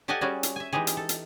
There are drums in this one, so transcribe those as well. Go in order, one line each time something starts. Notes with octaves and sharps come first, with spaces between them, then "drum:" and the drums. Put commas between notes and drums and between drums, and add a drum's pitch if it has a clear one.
G4 A4 D5 D#5 F#5 G#5
G3 C#4 F#4 G#4 D5
drum: hi-hat
E5 G#5
E3 G#3 D#4 G4 G#4
drum: hi-hat
A4
drum: hi-hat